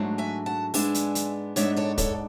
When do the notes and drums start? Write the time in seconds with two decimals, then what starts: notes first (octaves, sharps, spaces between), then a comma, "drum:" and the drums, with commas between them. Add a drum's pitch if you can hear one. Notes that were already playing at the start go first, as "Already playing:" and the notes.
Already playing: G#2 F#3 A3 D4
0.18 E5 G#5
0.46 F#5 A5
0.74 G#2 G#3 B3 D4 E5 G#5, drum: open hi-hat
0.94 drum: hi-hat
1.15 drum: hi-hat
1.56 G#2 G#3 B3 D4 C#5 E5, drum: hi-hat
1.77 A4 C#5
1.98 A4 C#5, drum: kick, hi-hat